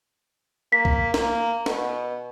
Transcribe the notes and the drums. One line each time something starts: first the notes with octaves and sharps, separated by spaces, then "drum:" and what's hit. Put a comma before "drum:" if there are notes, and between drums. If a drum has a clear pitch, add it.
A#3 B6
drum: kick B1
A#3, drum: snare
B2, drum: snare